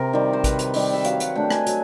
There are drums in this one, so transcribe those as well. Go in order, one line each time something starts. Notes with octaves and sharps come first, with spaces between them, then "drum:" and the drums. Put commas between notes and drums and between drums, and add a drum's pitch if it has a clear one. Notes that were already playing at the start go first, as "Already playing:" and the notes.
Already playing: C3 A#4
D#3 G3
C5
C3 B4, drum: kick A1, hi-hat
drum: hi-hat
D#3 G3 E5, drum: open hi-hat
E5
F#3 F5, drum: hi-hat
F#5, drum: hi-hat
A3 D4 G5
G#5, drum: rim click
F#3, drum: hi-hat